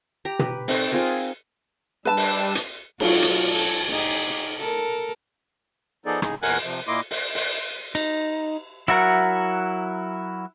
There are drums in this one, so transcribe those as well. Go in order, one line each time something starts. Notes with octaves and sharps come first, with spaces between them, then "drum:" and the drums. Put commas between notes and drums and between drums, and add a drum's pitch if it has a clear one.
G4 A#5
B4, drum: tom
C4 D#4 A4 C#6, drum: open hi-hat
C4 F4 G#4 A#4
G3 D4 B4 A5 E6
drum: open hi-hat
drum: hi-hat
F#3 F4 F#4, drum: cymbal
drum: hi-hat
A4
D#4 G4 G#4
A4 A#4
F3 B3 D#4 G#4 A4 D5
A2 C#3 D#4 G#4, drum: rim click
E2 A#2 A#4 F#5 G#5 F#6, drum: open hi-hat
C3 F3
A#2 A#3 E4 D#5 C6 D6
drum: open hi-hat
drum: open hi-hat
D#4, drum: cymbal
F#3 E4 F#4 A#4 E5 F#5